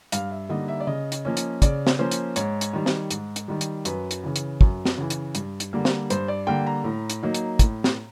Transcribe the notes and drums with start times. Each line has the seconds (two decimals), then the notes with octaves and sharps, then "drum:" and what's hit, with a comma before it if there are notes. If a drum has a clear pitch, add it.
0.12 G2 F5, drum: hi-hat
0.31 E5
0.49 D3 G3 A#3 D#4 D#5
0.68 E5
0.80 D5
0.87 C#3 D#5
1.12 drum: hi-hat
1.25 F3 A#3 C#4
1.37 drum: hi-hat
1.62 C#3 D5, drum: kick, hi-hat
1.87 drum: snare
1.99 F3 A#3 C#4 C5
2.11 drum: hi-hat
2.36 G#2 C#5, drum: hi-hat
2.61 drum: hi-hat
2.73 D#3 G3
2.86 drum: snare
3.11 G#2, drum: hi-hat
3.36 drum: hi-hat
3.48 D#3 G3
3.61 drum: hi-hat
3.85 F#2 B4, drum: hi-hat
4.11 drum: hi-hat
4.23 C#3 E3
4.36 drum: hi-hat
4.61 F#2, drum: kick
4.85 drum: snare
4.97 C#3 E3
5.10 drum: hi-hat
5.35 G2, drum: hi-hat
5.60 drum: hi-hat
5.73 D3 G3 A#3
5.85 drum: snare
6.10 G2 C5, drum: hi-hat
6.28 D5
6.47 D3 G3 A#3 G5
6.66 A#5
6.84 A2
7.10 drum: hi-hat
7.23 F#3 A#3 D#4
7.35 drum: hi-hat
7.59 A2, drum: kick, hi-hat
7.84 drum: snare